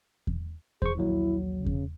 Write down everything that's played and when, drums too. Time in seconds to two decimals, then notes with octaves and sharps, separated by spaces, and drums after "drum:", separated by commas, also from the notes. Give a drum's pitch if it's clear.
0.27 drum: kick E2
0.82 G#4 C5 C#6, drum: kick E2
0.97 A#1 D#2 F#3 E4
1.57 C#3
1.66 drum: kick E2